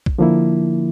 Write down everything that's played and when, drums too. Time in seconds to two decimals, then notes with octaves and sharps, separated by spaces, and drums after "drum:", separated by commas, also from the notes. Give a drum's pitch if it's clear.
0.06 drum: kick
0.18 D3 F3 A#3 E4